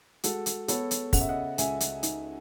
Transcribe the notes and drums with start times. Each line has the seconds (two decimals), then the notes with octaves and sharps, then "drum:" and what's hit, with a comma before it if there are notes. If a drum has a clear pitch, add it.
0.24 G#3 F#4 A4, drum: hi-hat
0.46 drum: hi-hat
0.68 B3 A4 C#5, drum: hi-hat
0.91 drum: hi-hat
1.13 C#3 F#5, drum: kick, open hi-hat
1.20 E5
1.29 D#5 F#5
1.58 C#2 E5 G#5, drum: hi-hat
1.80 drum: hi-hat
2.03 D#4, drum: hi-hat